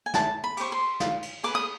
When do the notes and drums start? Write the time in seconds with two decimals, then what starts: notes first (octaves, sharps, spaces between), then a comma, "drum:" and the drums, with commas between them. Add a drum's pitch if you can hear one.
0.06 G#5
0.14 E4 A5, drum: snare
0.44 B5
0.57 G4 C5 C#6, drum: cymbal
0.72 C6
1.00 F4, drum: snare
1.22 drum: cymbal
1.43 G#4 B4 D6, drum: cymbal
1.55 D#6